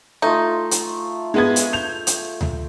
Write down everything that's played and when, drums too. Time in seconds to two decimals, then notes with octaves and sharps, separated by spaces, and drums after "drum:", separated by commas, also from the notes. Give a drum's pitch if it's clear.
0.22 A3 D#4 F4
0.71 drum: hi-hat
1.34 G#3 B3 G#6
1.56 drum: hi-hat
1.73 G6 F7
2.07 drum: hi-hat
2.41 drum: tom D2